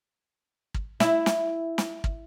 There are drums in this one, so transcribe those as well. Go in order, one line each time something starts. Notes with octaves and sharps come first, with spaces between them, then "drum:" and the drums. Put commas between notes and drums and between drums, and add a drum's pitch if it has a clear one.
drum: kick
E4, drum: snare
drum: snare
drum: snare
drum: kick